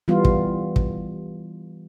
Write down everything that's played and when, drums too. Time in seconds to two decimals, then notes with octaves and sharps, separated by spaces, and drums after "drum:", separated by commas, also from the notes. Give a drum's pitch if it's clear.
0.08 E3 G3 B3 F4
0.25 drum: kick
0.76 drum: kick